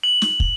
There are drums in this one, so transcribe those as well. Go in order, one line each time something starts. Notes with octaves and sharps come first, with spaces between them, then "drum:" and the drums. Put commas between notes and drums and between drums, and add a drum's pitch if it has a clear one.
F#7
drum: snare
drum: kick